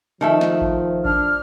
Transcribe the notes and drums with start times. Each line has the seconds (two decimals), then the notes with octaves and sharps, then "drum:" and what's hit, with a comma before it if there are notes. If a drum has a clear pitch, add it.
0.21 D#3 F3 A3 E5
0.41 drum: snare
0.61 drum: kick G#1
1.05 D4 F6, drum: kick G#1